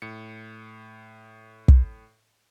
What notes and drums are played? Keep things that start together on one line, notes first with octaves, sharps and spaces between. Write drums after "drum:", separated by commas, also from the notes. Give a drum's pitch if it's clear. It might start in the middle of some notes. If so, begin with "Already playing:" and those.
A2 C#7
drum: kick